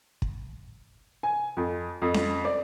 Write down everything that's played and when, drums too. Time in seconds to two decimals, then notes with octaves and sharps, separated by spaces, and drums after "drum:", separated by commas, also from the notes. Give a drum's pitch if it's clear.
0.22 drum: kick
1.23 G#5
1.57 F2
2.02 F2
2.14 drum: snare C#4
2.45 D5